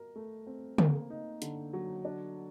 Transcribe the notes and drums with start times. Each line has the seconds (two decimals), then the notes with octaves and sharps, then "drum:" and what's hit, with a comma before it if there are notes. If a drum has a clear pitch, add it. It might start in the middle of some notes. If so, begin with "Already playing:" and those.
Already playing: F#4 A#4
0.16 A3
0.47 C4
0.78 A#3, drum: tom
1.10 D#4
1.42 D3, drum: hi-hat
1.73 F#3
2.05 D4